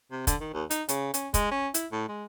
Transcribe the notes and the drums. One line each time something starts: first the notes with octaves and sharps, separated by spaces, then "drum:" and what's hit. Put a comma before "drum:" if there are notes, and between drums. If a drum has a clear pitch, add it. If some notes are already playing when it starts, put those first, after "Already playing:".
C3
D3, drum: kick, hi-hat
D#3
D#2
D#4, drum: hi-hat
C#3, drum: hi-hat
C#4, drum: hi-hat
G#3, drum: kick, hi-hat
C#4
E4, drum: hi-hat
A2
G#3